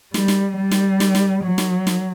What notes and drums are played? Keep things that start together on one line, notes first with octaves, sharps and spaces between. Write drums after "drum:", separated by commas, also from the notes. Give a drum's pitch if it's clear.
G3, drum: snare
drum: snare
G3
drum: snare
drum: snare
drum: snare
F#3
drum: snare
drum: snare